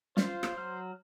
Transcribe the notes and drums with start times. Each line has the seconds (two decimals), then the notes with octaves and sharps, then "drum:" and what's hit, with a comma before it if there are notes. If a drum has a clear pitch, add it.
0.17 F4 C5 F5, drum: snare
0.43 drum: rim click
0.57 F#3 F6